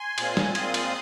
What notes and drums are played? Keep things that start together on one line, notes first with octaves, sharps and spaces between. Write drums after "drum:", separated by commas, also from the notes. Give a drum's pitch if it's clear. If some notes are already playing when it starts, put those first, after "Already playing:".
Already playing: G#5 C6
A#2 G#3 C4 F4, drum: cymbal
drum: snare
A#2 G#3 C4 F4 C6 D#6, drum: cymbal
drum: cymbal